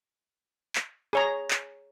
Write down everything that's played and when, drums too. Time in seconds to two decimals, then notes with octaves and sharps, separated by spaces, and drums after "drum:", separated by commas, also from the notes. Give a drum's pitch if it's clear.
0.75 drum: clap
1.13 G#4 C#5 A#5
1.51 drum: clap